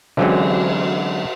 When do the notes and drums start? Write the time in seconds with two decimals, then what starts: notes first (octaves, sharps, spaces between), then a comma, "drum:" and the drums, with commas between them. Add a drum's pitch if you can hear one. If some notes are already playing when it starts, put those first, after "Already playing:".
0.17 D3 E3 F#3 G#3 C4 C#4, drum: cymbal